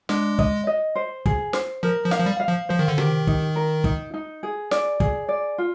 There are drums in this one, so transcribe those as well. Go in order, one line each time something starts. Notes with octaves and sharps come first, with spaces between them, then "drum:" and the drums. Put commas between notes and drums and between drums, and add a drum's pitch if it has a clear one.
G#3 D4, drum: snare
D#5, drum: kick
D#5
C5
G#4, drum: kick
C5, drum: snare
F3 A#4
F3
F5, drum: snare
F3
G3
F5
F3
F3 C5
D#3
D3
D#3 G4, drum: tom C3
D#4, drum: kick
A#4
D#4, drum: kick
D#4
G#4
D5, drum: snare
G#4, drum: kick
D5
F4